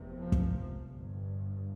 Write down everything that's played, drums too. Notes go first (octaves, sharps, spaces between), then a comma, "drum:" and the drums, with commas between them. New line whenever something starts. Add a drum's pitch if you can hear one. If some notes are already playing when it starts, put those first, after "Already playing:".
Already playing: F1 E2 C3
F3
drum: kick
G1 G2